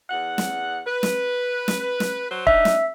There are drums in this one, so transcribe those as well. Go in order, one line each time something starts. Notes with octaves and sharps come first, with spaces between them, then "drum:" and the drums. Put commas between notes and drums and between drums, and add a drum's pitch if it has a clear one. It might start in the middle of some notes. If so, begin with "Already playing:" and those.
E2 F#5
drum: snare
B4
drum: snare
drum: snare
drum: snare
F#3 C5
D4 D#4 E5, drum: kick
drum: snare